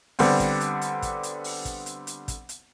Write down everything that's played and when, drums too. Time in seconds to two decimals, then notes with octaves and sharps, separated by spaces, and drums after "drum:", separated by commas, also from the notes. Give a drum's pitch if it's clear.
0.19 D3 G3 B3 C4, drum: open hi-hat
0.40 drum: kick, hi-hat
0.61 drum: hi-hat
0.81 drum: hi-hat
1.02 drum: kick, hi-hat
1.23 drum: hi-hat
1.44 drum: open hi-hat
1.65 drum: kick, hi-hat
1.86 drum: hi-hat
2.07 drum: hi-hat
2.28 drum: kick, hi-hat
2.49 drum: hi-hat